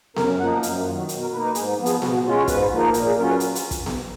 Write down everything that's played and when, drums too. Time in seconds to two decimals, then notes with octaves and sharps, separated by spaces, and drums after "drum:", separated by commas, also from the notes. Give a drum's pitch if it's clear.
0.16 F#2 A#4, drum: snare B3
0.40 F3 A#3 D#4 F#5
0.63 F#2 F5, drum: hi-hat
0.86 D#3 F#3 F4
0.98 F#4
1.09 B2, drum: hi-hat
1.21 A#4
1.32 A#3 D#4 B4
1.44 B4
1.55 G#2 G#4, drum: hi-hat
1.78 F3 B3
1.86 G#4, drum: hi-hat
2.02 B2 F#4, drum: snare B3
2.14 F#4
2.24 G#3 C#4 F4 F#4
2.36 C#5
2.48 G#2 B4, drum: kick, hi-hat
2.71 F3 A#3 D#4
2.94 A#2 A#4, drum: hi-hat
3.06 G#4
3.17 F#3 C#4 F4 A#4
3.29 B4
3.40 drum: hi-hat
3.55 drum: hi-hat
3.71 drum: kick, hi-hat
3.86 drum: snare B3